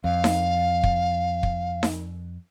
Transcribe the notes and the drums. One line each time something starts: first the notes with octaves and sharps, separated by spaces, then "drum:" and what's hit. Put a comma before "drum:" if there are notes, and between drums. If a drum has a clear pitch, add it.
F2 F5
drum: snare D#4
drum: kick
drum: kick
drum: snare D#4